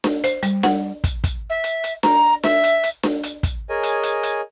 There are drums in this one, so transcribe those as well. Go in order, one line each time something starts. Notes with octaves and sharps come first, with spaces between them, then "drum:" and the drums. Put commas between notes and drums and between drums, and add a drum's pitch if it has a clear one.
drum: snare D4
C5, drum: hi-hat
G3, drum: hi-hat
F#5, drum: snare D4
drum: kick, hi-hat
drum: kick, hi-hat
E5
drum: hi-hat
drum: hi-hat
A#5, drum: snare D4
E5, drum: snare D4
drum: hi-hat
drum: hi-hat
drum: snare D4
drum: hi-hat
drum: kick, hi-hat
G#4 A#4 C#5 D#5 G#5
drum: hi-hat
drum: hi-hat
drum: hi-hat